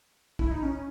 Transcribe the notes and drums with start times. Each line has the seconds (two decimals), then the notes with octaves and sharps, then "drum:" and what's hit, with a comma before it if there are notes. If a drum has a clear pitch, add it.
0.39 E4, drum: kick
0.51 D#4
0.63 C#4